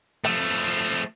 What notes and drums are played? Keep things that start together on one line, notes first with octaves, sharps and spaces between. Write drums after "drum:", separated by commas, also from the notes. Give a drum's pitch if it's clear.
F3 A3, drum: rim click
drum: hi-hat
drum: hi-hat
drum: hi-hat